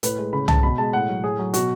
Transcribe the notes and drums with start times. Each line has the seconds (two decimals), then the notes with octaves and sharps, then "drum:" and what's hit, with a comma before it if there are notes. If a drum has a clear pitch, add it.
0.03 A2 B4, drum: hi-hat
0.18 G#3
0.33 C#3 B5
0.48 G#3 A5, drum: tom
0.63 B2 B5
0.78 G#3 A5
0.93 A2 F#5
1.09 F#3
1.23 A2 G#4
1.39 F#3
1.54 B2 F#4, drum: hi-hat